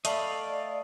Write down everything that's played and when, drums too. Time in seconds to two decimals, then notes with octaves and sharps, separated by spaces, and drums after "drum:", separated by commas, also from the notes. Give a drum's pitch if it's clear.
0.05 A3 D5 D#5 F5 B5, drum: hi-hat